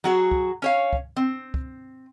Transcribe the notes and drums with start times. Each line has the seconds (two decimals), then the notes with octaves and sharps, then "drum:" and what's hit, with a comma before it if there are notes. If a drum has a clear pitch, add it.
0.04 F#3 F#4 G#4
0.31 drum: kick
0.62 C#4 C#5 F5
0.93 drum: kick
1.16 C4
1.54 drum: kick